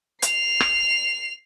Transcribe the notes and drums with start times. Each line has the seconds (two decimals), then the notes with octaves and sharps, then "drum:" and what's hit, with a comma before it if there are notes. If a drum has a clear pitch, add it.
0.22 C7 F7, drum: hi-hat
0.60 drum: rim click